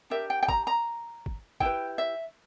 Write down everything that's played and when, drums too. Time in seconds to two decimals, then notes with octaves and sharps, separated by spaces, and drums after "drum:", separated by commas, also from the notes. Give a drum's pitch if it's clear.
0.10 D4 G4 A#4 E5
0.30 G5
0.43 G5
0.48 A#5, drum: kick
0.67 A#5
1.26 drum: kick
1.60 E4 G4 B4 G5, drum: kick
1.98 E5